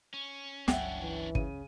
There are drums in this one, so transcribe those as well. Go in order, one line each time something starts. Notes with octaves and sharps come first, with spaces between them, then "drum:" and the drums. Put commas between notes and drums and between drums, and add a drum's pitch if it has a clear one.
C#4
G1 C#2 F#3 C#4 D4 E5 F#5 G5, drum: snare
E3
C#3 D#7, drum: kick